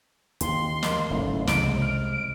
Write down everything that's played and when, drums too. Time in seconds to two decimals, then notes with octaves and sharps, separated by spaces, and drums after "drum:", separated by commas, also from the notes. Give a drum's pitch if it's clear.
0.41 D#2 C6, drum: hi-hat
0.83 A#4 D#5, drum: snare
1.10 F#1 G#2 A3 C#4 E4
1.47 C2 C#3 G#3 D7, drum: snare
1.82 F6 D7